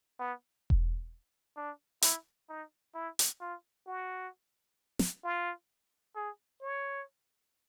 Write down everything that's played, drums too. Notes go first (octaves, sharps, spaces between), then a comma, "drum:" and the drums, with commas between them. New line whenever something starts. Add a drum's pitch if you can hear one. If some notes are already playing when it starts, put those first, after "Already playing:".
B3
drum: kick E1
D4
E4, drum: hi-hat
D#4
E4
drum: hi-hat
F4
F#4
drum: snare
F4
G#4
C#5